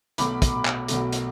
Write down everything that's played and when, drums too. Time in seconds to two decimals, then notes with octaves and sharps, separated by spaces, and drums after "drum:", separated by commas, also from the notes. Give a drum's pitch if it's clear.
0.18 B1 B2 A3 B5 D6, drum: hi-hat
0.42 drum: kick, hi-hat
0.65 drum: clap
0.88 B1 B2 A3, drum: hi-hat
1.13 drum: hi-hat